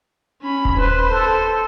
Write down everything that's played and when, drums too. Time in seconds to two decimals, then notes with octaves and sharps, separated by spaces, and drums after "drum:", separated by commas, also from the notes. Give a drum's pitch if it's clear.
0.42 C#4 B5
0.65 drum: kick D#1
0.78 B4 C5
1.10 A4